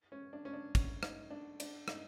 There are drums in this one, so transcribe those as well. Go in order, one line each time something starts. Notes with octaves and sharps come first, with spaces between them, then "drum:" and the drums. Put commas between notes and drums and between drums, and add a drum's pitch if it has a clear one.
C#4
D4
C#4
D4
C#4, drum: kick, cymbal
D#4, drum: rim click
D4
D4, drum: cymbal
D#4, drum: rim click